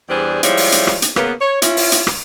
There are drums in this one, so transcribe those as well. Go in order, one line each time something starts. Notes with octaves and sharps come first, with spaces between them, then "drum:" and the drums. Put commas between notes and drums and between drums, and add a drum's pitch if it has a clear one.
E2 G3 D4 G#4 C5
F3 G3 G#3 E4 C#5, drum: hi-hat
drum: open hi-hat
drum: hi-hat
drum: rim click
drum: hi-hat
C#3 A#3 B3, drum: rim click
C#5
C#4 E4 F4, drum: hi-hat
drum: open hi-hat
drum: hi-hat
drum: rim click